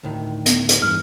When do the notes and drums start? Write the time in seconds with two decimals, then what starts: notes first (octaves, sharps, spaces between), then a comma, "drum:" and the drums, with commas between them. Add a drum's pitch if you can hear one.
0.03 D2 A2 D#3
0.46 B3, drum: hi-hat
0.69 drum: hi-hat
0.82 G2 E3 F6